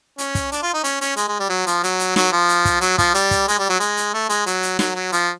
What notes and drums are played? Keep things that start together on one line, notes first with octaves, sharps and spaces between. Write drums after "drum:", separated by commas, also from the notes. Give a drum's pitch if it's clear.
C#4, drum: hi-hat
drum: kick, hi-hat
D4, drum: hi-hat
F4
D#4
C#4, drum: hi-hat
C#4, drum: hi-hat
G#3, drum: hi-hat
G#3
G3
F#3
F3, drum: hi-hat
F#3, drum: hi-hat
drum: hi-hat
F#3, drum: snare
F3
drum: hi-hat
drum: kick, hi-hat
F#3, drum: hi-hat
F3, drum: kick, hi-hat
G3, drum: hi-hat
drum: kick, hi-hat
G#3, drum: hi-hat
G3
F#3
G#3, drum: hi-hat
drum: hi-hat
A3
G#3, drum: hi-hat
F#3, drum: hi-hat
drum: hi-hat
F#3, drum: snare
F#3
F3, drum: hi-hat